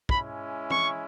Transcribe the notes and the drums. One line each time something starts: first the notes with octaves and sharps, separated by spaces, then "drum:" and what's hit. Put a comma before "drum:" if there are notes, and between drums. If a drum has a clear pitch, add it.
G#3 C#4 E4 B5, drum: kick
C#6, drum: tom